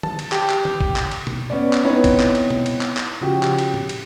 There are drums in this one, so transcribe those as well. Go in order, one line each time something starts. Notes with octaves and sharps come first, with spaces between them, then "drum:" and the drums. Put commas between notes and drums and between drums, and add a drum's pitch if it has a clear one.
A5, drum: tom
drum: cymbal
G4, drum: clap
drum: clap
drum: tom
drum: kick
drum: clap
drum: cymbal
drum: tom
B3 C#4 D5
drum: clap
B3 C4 D#4 E4 B4 C#5
drum: kick, cymbal
drum: clap
drum: cymbal
drum: tom
drum: cymbal
drum: clap
drum: clap
C#3 F3 F#4 G4
drum: clap
drum: cymbal
drum: tom A2
drum: cymbal